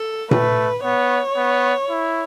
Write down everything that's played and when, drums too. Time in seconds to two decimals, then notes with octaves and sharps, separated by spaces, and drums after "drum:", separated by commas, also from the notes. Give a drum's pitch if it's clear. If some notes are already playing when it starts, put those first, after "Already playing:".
Already playing: A4
0.31 A3 B4, drum: tom A#2
0.84 B3 C#5
1.36 B3
1.90 E4